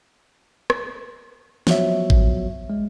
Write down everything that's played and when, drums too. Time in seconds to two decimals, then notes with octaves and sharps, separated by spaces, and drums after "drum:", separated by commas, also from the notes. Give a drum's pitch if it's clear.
0.70 drum: rim click
1.67 F3 F#3 B3 F#4 C#5 E5, drum: snare
2.10 drum: kick A1
2.70 G#3